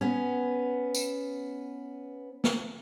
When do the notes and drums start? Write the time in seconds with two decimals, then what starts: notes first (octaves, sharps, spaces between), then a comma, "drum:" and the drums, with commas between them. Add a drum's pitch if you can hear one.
0.01 B3 C#4
0.94 drum: tambourine
2.44 drum: snare